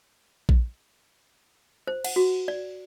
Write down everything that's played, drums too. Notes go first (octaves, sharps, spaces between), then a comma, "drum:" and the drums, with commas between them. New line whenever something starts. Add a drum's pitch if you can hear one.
drum: kick A#1
C5
F#5, drum: cymbal
F#4
D5